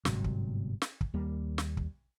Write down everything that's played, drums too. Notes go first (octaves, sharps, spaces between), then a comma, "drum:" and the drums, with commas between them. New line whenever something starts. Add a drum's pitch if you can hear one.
G1 G#2 C3 F#3, drum: snare
drum: kick
drum: snare
drum: kick
D#2 G3 A#3
drum: snare
drum: kick